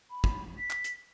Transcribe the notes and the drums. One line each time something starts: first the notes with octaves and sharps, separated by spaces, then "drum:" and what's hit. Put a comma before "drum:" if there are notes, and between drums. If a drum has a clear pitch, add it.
B5
drum: kick
B6
drum: clap
drum: hi-hat